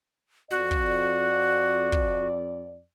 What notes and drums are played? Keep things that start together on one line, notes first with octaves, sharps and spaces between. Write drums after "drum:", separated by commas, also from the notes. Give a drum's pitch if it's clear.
F2 F#4 D5
drum: kick
drum: kick